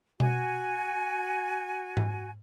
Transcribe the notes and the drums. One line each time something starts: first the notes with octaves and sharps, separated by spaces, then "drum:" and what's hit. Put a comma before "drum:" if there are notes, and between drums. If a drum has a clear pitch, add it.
F#4 G#5, drum: tom B2
drum: tom G#2